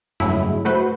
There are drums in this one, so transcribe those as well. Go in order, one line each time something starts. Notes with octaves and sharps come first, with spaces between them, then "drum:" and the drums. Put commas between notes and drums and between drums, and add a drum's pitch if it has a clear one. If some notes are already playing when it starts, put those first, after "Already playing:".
G2 C#3 F#3 G#3 A3 E4, drum: tom F2
A3 F#4 B4 C5